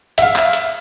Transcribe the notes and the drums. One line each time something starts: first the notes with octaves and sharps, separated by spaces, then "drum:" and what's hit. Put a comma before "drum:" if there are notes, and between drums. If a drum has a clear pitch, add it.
E5 F5, drum: hi-hat
drum: clap
drum: hi-hat